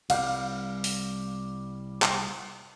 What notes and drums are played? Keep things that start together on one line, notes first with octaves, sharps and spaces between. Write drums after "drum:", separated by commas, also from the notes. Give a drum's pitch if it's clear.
C2 G3 F5, drum: cymbal
drum: open hi-hat
drum: clap